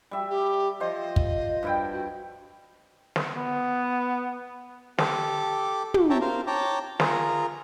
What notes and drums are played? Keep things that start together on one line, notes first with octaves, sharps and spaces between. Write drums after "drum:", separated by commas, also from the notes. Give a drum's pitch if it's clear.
G3 E5
G4
F3 C5 D#5
drum: kick
G2 E4 G5
F#4
drum: snare
B3
G4 A4 D6, drum: snare
drum: tom
C#5 E5 G5 A5 A#5
A#4 C5 F5
C#5 G5 A5 A#5 D6
F4 G#4 A#4 A#5, drum: snare